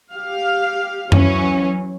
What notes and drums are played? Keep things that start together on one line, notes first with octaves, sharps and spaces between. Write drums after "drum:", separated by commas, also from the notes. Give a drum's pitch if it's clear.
G4 F5
E3 F#3 C#4, drum: tom F#2